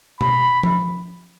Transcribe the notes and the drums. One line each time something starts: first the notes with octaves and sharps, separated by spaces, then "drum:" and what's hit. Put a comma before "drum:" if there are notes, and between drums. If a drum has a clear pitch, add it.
B5, drum: tom B2
drum: tom F3